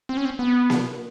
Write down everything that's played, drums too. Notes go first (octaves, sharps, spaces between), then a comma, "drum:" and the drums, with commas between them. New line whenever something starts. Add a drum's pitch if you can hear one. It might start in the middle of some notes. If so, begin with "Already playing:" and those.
C4
C#4
C4
B3
drum: snare A#3